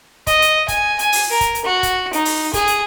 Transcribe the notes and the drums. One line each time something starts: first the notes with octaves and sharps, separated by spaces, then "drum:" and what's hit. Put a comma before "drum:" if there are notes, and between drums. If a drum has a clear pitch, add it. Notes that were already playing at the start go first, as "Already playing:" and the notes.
D#5, drum: kick, hi-hat
drum: hi-hat
G#5, drum: kick, hi-hat
G#5, drum: hi-hat
drum: open hi-hat
A#4
drum: kick, hi-hat
drum: hi-hat
F#4
drum: kick, hi-hat
D#4, drum: hi-hat
drum: open hi-hat
G#4, drum: kick, hi-hat
drum: hi-hat